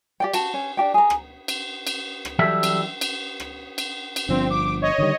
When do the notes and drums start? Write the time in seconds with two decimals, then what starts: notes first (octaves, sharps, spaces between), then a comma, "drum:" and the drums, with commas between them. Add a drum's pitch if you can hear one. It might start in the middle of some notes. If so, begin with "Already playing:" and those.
0.20 G4 D5 G5
0.34 F#4 A5, drum: cymbal
0.54 C#4
0.77 D4 G4 G5
0.94 G#4 A#5
1.10 drum: rim click
1.48 drum: cymbal
1.87 drum: cymbal
2.25 drum: rim click
2.39 E3 F#3 G3 A4 E5 G5
2.63 drum: cymbal
3.01 drum: cymbal
3.40 drum: rim click
3.78 drum: cymbal
4.16 drum: cymbal
4.29 G1 F3 C4 D4
4.50 D6
4.82 C#5 D#5
4.98 D3 D#3 G3